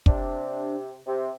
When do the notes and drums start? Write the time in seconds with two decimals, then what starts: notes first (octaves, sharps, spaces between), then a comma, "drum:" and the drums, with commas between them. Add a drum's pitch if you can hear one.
0.06 C3 D4, drum: kick
1.06 C3